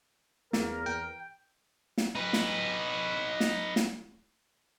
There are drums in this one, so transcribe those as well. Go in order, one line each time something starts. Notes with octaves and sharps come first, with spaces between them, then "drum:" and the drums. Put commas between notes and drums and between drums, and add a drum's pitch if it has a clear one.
E2 A#3 A#4, drum: snare
G5
drum: snare
D#4 B4
drum: snare
drum: snare
drum: snare